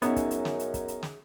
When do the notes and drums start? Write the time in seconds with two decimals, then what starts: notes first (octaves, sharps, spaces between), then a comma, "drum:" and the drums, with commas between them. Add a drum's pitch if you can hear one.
0.02 F#2 B3 C#4 D#4 G#4 C#5 E5, drum: hi-hat
0.16 drum: kick, hi-hat
0.31 drum: hi-hat
0.45 drum: snare
0.59 drum: hi-hat
0.74 drum: kick, hi-hat
0.88 drum: hi-hat
1.03 drum: snare